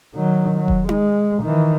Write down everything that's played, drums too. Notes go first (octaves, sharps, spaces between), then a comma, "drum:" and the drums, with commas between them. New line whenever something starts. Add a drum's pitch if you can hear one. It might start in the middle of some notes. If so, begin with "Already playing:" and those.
D#3 F#3
F#3
drum: kick E1
G#3, drum: tom D#4
D#3 E3